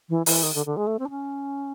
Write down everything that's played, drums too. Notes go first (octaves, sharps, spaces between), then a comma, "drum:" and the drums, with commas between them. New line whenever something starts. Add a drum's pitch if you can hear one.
E3
E3, drum: open hi-hat
D#3
D3
D3
G#3
A3
C4
D4
C#4